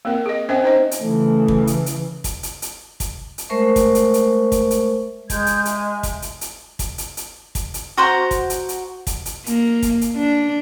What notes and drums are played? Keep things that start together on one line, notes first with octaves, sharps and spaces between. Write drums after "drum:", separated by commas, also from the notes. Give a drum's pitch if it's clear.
A#3 C4 A#4
G#4 D#5
C4 C#4 C5 D#5 E5 G5
D#4 C5 D#5
drum: hi-hat
C#3 E3 A3
drum: kick
drum: hi-hat
drum: hi-hat
drum: kick, hi-hat
drum: hi-hat
drum: hi-hat
drum: kick, hi-hat
drum: hi-hat
G#3 A3 A#4 C5 E5 C#6
drum: kick, hi-hat
drum: hi-hat
drum: hi-hat
drum: kick, hi-hat
drum: hi-hat
G#3 G#4 G6 G#6, drum: kick, hi-hat
drum: hi-hat
E5 G#5, drum: hi-hat
drum: kick, hi-hat
drum: hi-hat
drum: hi-hat
drum: kick, hi-hat
drum: hi-hat
drum: hi-hat
drum: kick, hi-hat
drum: hi-hat
F#4 C5 F#5 A#5
drum: kick, hi-hat
drum: hi-hat
drum: hi-hat
drum: kick, hi-hat
drum: hi-hat
A#3, drum: hi-hat
drum: kick, hi-hat
drum: hi-hat
D4